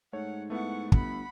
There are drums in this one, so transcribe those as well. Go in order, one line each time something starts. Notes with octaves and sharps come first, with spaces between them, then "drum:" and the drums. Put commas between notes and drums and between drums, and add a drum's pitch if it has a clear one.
G#2 A3 C#5 F#5
A3 B3 E4 F#5 C#6
G1 F#5 B5, drum: kick